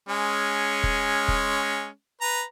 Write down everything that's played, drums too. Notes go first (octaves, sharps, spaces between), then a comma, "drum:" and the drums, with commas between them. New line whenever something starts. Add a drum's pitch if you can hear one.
G#3 C#4
drum: kick
drum: kick
B4 A#5